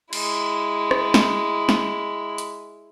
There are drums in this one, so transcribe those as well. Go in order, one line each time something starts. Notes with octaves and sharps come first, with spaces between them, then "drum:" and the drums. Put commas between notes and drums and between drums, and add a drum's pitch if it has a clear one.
G#3 E4, drum: cymbal
drum: rim click
drum: snare
drum: snare
drum: hi-hat